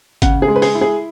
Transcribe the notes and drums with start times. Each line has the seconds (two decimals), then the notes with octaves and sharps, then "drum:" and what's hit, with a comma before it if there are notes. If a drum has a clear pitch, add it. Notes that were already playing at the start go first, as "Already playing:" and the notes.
0.22 C#3 F#5, drum: kick G#1, hi-hat
0.42 G#4
0.48 G#3
0.56 B4
0.62 G#4, drum: open hi-hat
0.75 E4
0.81 G#4